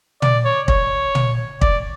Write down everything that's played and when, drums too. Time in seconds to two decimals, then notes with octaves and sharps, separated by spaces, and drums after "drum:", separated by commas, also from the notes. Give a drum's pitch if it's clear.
0.22 D5, drum: tom
0.45 C#5
0.68 C#5, drum: kick
1.15 drum: tom
1.61 D5, drum: kick